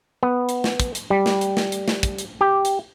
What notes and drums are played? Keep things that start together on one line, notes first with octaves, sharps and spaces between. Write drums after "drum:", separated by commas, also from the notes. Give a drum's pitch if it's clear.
B3
drum: hi-hat
drum: snare
drum: kick, hi-hat
drum: hi-hat
G3
drum: snare
drum: hi-hat
drum: snare
drum: hi-hat
drum: snare
drum: kick, hi-hat
drum: hi-hat
G4
drum: hi-hat